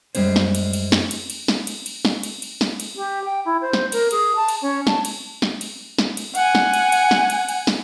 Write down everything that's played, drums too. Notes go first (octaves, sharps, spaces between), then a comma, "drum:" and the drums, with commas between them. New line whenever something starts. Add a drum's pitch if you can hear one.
F#2 G3 G#3 C#4 C5, drum: cymbal
drum: snare
drum: cymbal
drum: cymbal
drum: snare
drum: cymbal
drum: cymbal
drum: snare
drum: cymbal
drum: cymbal
drum: snare
drum: cymbal
drum: cymbal
drum: snare
drum: cymbal
G4
G5
E4
C5
drum: snare
A#4, drum: cymbal
G#4, drum: cymbal
A5
drum: cymbal
C#4
A5, drum: snare
drum: cymbal
drum: snare
drum: cymbal
drum: snare
drum: cymbal
F#5 G#5, drum: cymbal
drum: snare
drum: cymbal
drum: cymbal
drum: snare
drum: cymbal
drum: cymbal
drum: snare